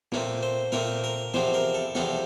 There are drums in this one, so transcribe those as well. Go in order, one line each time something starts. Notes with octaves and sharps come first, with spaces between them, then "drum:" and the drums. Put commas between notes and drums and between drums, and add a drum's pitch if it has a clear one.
A#2 A3 C4, drum: snare
C5
A#2 A3 C4 A#4, drum: snare
A#4
E2 C3 F3 C4 C5, drum: snare
A#4
A4
E2 C3 F3 C4 A4, drum: snare